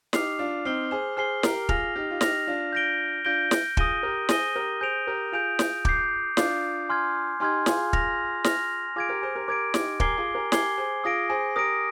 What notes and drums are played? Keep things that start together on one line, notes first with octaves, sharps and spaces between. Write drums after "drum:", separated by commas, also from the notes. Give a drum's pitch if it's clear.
D#4 G4 D6 F6 C7 F7, drum: snare
D4 F4
C4 D#4 F6 C7 G7
G#4 C5
G#4 C5 F6 C7 G7
G4 A#4, drum: snare
F4 G#4 F6 A#6 F7, drum: kick
D#4 G4
F4
D#4 G4 F6 A#6 F7, drum: snare
D4 F4
G6 A#6 D7 G7
D4 F4 G6 A#6 D7 G7
drum: snare
F4 G#4 D#6 A#6 D#7 G7, drum: kick
G4 A#4
G#4 C5 D#6 A#6 D#7 G7, drum: snare
G4 A#4
G#4 C5 G6 D7 F7
G4 A#4
F4 G#4 G6 D7 F7
drum: snare
D6 G6 C7, drum: kick
D4 F4 D6 G6 C7, drum: snare
G#5 C6 F6 G#6
D#4 G4 G#5 C6 F6 G#6
F4 G#4, drum: snare
F6 A#6 F7, drum: kick
F6 A#6 F7, drum: snare
F4 G#4 D6 G#6 D7
G4 A#4
G#4 C5
G4 A#4
G4 A#4 D6 G#6 D7
D#4 G4, drum: snare
G4 A#4 G#5 D6 G#6 C7 G7, drum: kick
F4 G#4
G4 A#4
G4 A#4 G#5 D6 G#6 C7 G7, drum: snare
G#4 C5
F4 G#4 D#6 A#6 D7
G#4 C5
G4 A#4 D#6 A#6 D7